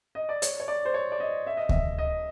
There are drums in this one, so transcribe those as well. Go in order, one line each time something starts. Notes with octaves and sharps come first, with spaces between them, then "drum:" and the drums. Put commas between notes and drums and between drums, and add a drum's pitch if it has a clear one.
D#5
D5
C#5, drum: hi-hat
C#5
D5
C5
C#5
D5
D#5
E5
D#5
E5, drum: kick D2
D#5